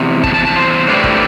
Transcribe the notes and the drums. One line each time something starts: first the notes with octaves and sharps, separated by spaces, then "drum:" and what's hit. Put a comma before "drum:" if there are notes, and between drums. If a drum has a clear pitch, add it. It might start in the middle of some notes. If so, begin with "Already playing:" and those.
Already playing: E2 C3
A5, drum: kick
A5
A5
C5
A2 E3 G3 D4
drum: kick